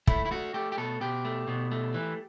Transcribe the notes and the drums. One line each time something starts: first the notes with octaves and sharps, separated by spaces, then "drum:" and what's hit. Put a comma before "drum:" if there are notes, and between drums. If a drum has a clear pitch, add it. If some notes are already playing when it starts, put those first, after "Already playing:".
A3 E4, drum: kick
E4
A3 F#4
A3 G4
G4
B2 A4
B2 G4
A3
B2
A3
E3